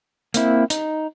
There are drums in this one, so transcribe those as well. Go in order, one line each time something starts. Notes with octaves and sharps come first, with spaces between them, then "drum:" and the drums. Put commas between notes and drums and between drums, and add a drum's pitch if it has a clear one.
A#3 C4 E4, drum: hi-hat
D#4, drum: hi-hat